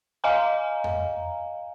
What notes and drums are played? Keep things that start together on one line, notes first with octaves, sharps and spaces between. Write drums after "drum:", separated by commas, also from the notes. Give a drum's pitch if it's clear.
D#5 F5 G#5 A#5
drum: tom F2